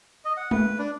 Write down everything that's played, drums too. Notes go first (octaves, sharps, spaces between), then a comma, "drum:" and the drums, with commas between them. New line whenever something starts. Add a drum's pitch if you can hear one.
D#5
F#5
B4, drum: tom G#3
D4